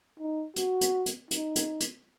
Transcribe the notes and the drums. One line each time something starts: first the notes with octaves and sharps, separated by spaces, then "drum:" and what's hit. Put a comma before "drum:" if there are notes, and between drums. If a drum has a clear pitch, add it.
D#4
F#4, drum: hi-hat
drum: hi-hat
drum: hi-hat
D#4, drum: hi-hat
drum: hi-hat
drum: hi-hat